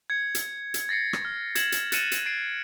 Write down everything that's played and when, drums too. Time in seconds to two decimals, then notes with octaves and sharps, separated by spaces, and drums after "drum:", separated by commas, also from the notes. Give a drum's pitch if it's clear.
0.10 G#6 C#7
0.35 drum: hi-hat
0.74 drum: hi-hat
0.89 A6 A#6 C7 C#7
1.13 drum: rim click
1.25 F6
1.55 G#6 A6 C#7 E7 F#7, drum: hi-hat
1.72 drum: hi-hat
1.92 F#6 A6 C#7 D#7 E7, drum: hi-hat
2.12 drum: hi-hat
2.26 A6 C7 D7